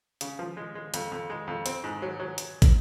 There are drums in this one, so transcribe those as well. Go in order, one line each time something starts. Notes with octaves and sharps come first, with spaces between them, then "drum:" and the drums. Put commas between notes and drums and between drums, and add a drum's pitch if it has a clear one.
C#3, drum: hi-hat
F3
G#3
G#3
F2, drum: hi-hat
F2
G#3
F2
C4, drum: hi-hat
G#2
F#3
F#3
drum: hi-hat
drum: kick, hi-hat